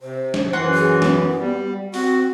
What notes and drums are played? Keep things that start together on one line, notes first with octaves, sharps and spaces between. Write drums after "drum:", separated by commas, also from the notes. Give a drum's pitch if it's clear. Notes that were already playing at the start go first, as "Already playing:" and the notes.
C3 C5
drum: snare
F#2 E3 F#4 F#5 C6
G#4
B3, drum: snare
G3
C4 F#4, drum: open hi-hat